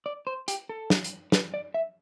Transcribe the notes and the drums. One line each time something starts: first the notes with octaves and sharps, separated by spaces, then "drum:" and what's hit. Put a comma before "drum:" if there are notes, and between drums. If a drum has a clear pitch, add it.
D5
C5
G4, drum: hi-hat
A4
drum: snare
drum: hi-hat
B4, drum: snare
D5
E5